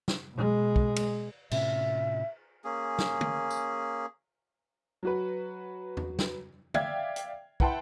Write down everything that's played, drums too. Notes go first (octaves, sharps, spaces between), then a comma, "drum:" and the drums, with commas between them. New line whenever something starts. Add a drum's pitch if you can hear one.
drum: snare
B2 G#3
drum: kick
drum: cymbal
A2 C3 C#4 E5, drum: cymbal
A#3 C#4 G#4
drum: snare
drum: tom
drum: tambourine
F#3 F#4 B4
drum: tom E2
drum: snare
D5 E5 F5 G5 G#6, drum: tom
drum: hi-hat
E4 B4 F#5 G5 A5 C6, drum: kick